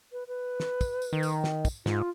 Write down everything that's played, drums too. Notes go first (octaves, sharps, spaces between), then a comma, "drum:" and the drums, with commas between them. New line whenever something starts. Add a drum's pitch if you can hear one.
B4
B4
drum: snare
drum: kick, tambourine
drum: tambourine
D#3
drum: tambourine
drum: snare
drum: kick, tambourine
G#2 F4, drum: snare